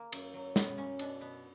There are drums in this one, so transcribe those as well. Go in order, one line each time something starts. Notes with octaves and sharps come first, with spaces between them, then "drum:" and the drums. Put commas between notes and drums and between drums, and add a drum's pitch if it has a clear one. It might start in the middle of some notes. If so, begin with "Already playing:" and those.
Already playing: A#3
F#2, drum: cymbal
F#3
F#2 B3, drum: snare
A#3 C#4
B2 D4, drum: cymbal
B2 B3